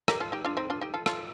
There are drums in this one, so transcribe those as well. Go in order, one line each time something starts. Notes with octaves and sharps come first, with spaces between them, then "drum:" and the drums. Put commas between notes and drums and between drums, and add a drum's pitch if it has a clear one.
G4 A#4, drum: rim click
F4 A4
D#4 G4
D4 F4
C4 D#4
D4 F4
D#4 G4
F4 A4
F4 A4, drum: rim click